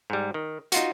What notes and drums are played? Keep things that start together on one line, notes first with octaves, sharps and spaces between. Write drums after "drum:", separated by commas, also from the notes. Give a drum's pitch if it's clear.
G#2 G3
D#3
D#4 F4 F#4, drum: hi-hat